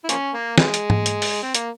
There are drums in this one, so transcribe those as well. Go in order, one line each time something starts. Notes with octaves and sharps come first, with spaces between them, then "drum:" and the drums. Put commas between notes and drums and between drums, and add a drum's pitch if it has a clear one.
E4
F3 A#3 C#4, drum: hi-hat
A#3
G#3, drum: snare
drum: hi-hat
drum: tom G#2
drum: hi-hat
drum: open hi-hat
C4
A#3, drum: hi-hat